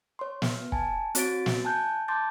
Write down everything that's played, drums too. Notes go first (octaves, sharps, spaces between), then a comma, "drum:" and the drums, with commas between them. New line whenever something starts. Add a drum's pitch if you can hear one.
C#5 C6
B3, drum: snare
G#5 A5, drum: kick
C4 F#4 C#5 A6 D7, drum: hi-hat
drum: snare
G#5 A5 F#6 G6
A5 C6 D6 G6 A6